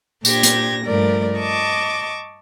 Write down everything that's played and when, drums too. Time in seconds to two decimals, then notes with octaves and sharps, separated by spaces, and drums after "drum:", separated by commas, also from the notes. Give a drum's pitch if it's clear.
0.25 A#2 D4 G4 C5 G#6 A#6, drum: tambourine
0.43 drum: hi-hat
0.84 G2 F3 A3 A#4 D5
1.38 D#5 A5 C#6 D6